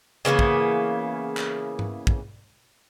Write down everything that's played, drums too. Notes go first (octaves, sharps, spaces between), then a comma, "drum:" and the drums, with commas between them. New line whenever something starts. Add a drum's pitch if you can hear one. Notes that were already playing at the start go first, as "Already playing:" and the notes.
C#3 E3 A#3 B3
drum: kick
drum: clap
drum: tom G#2
drum: kick